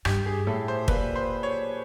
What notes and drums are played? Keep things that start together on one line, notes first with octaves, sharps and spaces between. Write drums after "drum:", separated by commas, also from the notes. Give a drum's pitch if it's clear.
G2 G4, drum: rim click
G#4
A2 A4
C5
A#2 B4, drum: kick
C5
C#5